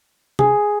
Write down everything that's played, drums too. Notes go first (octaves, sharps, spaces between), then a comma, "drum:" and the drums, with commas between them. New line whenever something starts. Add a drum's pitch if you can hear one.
G#4, drum: tom C3